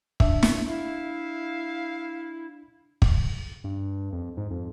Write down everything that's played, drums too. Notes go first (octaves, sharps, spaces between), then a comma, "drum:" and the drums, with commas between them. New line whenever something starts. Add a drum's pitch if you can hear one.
D4 E5, drum: kick
drum: snare
E4 F5
drum: kick
G2
F2
G#2
F2